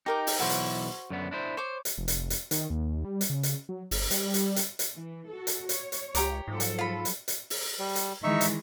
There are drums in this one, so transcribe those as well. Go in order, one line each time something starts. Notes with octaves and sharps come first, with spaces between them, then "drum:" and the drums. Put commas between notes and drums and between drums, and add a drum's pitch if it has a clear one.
D#4 G4 A#4 D6
drum: open hi-hat
B1 E3 E4 F#4 C5
drum: hi-hat
F#2 D3 B3
D4 E4 C5
C5 C#5 D6
drum: hi-hat
F1
drum: hi-hat
drum: hi-hat
D#3, drum: hi-hat
D#2
G3
drum: hi-hat
C#3
drum: hi-hat
F#3
G1, drum: open hi-hat
G3, drum: hi-hat
drum: hi-hat
drum: hi-hat
drum: hi-hat
E3
F#4 A4
drum: hi-hat
C#5, drum: hi-hat
drum: hi-hat
C#2 G4 A#5 D6, drum: hi-hat
G#2 F3 F#3 A4
drum: hi-hat
F4 B5
drum: hi-hat
drum: hi-hat
drum: open hi-hat
G3
drum: hi-hat
D#3 E3 G#3 D#4 E5 C#6
drum: hi-hat